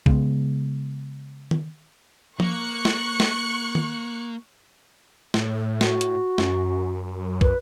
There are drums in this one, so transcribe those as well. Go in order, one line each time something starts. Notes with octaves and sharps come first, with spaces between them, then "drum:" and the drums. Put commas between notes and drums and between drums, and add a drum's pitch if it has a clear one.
C#3 G#3 B3, drum: kick
drum: tom D#3
A#3 C#6 F#6 C#7, drum: tom F3
drum: snare
drum: snare
drum: tom D#3
A2, drum: snare
F#4, drum: snare
drum: hi-hat
F#2, drum: snare
B4, drum: kick